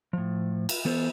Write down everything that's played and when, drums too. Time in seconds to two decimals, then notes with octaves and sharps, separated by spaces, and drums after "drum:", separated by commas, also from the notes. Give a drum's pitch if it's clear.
0.13 A2 F3
0.69 drum: cymbal
0.85 E3 B3 A4 C5